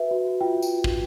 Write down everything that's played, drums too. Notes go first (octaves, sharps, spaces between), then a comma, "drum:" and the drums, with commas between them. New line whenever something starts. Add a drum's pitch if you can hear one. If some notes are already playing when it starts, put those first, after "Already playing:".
Already playing: F#4 B4 E5
F#4
F4 G5
drum: tambourine
drum: kick